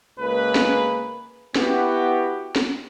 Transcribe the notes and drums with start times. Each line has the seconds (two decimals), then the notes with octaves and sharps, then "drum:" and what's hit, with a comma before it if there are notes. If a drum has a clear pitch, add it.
0.19 C#2 A#3 G#4 B4
0.55 drum: snare
1.56 B3 E4 F#4 G4, drum: snare
2.56 drum: snare